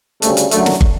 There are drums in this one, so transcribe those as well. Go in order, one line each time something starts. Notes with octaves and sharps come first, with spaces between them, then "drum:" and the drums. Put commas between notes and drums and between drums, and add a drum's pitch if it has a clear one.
D2 C#3 G3 A3, drum: hi-hat
drum: hi-hat
F#2 D3 F#3 A3, drum: hi-hat
drum: snare
drum: kick